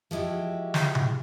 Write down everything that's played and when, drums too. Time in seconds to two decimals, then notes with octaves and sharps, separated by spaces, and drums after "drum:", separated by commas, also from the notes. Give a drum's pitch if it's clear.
0.11 F3 G#3 E4 F#4 G4
0.74 drum: snare
0.95 drum: tom C3